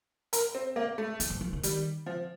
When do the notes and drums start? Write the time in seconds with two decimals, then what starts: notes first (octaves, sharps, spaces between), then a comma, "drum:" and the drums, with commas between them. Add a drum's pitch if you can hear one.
0.33 A#4, drum: hi-hat
0.55 C4
0.76 A#3
0.98 A3
1.20 D4, drum: hi-hat
1.30 F3
1.41 F3
1.53 D#3
1.63 G3, drum: hi-hat
2.06 F3